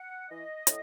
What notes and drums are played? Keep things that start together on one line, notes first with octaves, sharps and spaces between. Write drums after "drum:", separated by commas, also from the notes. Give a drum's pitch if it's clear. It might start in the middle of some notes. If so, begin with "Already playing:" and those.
Already playing: F#5
E3 D#5
A2, drum: hi-hat